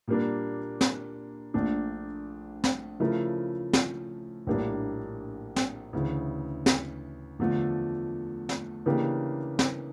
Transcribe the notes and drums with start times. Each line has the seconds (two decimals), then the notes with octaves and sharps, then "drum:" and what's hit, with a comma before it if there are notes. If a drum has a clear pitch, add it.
0.08 A#2 G3 A#3 D4
0.81 drum: snare
1.54 A#1 A#2 A3 D4
2.64 drum: snare
3.00 C#3 F3 A3 E4 A#4
3.73 drum: snare
4.47 A#1 A2 G3 A#3 D4
5.56 drum: snare
5.93 D2 C#3 E3
6.66 drum: snare
7.39 E2 D3 F3 A3
8.49 drum: snare
8.86 C#3 E3 A#3 D4 G4
9.59 drum: snare